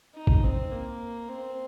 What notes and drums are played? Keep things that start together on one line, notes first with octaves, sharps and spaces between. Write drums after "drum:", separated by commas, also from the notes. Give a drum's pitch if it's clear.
D#4
drum: kick
C4
A#3
C4